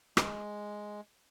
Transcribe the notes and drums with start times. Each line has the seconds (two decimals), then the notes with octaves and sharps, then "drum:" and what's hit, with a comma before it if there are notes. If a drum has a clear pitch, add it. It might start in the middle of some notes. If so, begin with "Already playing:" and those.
0.17 G#3, drum: rim click